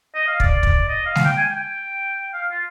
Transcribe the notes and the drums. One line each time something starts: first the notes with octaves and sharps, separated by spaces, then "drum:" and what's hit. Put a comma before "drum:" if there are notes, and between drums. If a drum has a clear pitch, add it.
D#5
F5
D5, drum: kick
drum: kick
D#5
F5
drum: snare G#3
G5
G#5
G5
F5
F4